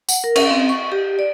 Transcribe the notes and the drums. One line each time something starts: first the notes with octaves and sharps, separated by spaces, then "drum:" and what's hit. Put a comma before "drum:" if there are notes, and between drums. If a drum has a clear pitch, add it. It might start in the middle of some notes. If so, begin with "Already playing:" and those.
F#5, drum: tambourine
A#4
C#4, drum: cymbal
C4
C#6
G4
D5